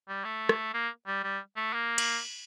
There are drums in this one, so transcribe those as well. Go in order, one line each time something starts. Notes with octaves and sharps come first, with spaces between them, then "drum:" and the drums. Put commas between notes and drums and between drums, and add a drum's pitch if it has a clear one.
G3
A3
drum: rim click
A#3
G3
G3
A3
A#3
drum: cymbal